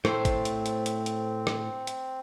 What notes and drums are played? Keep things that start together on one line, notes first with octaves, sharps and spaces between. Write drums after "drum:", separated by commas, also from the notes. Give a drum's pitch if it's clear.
A2 A3 C4 C5, drum: rim click
drum: kick, hi-hat
drum: hi-hat
drum: hi-hat
drum: hi-hat
drum: hi-hat
drum: rim click
drum: hi-hat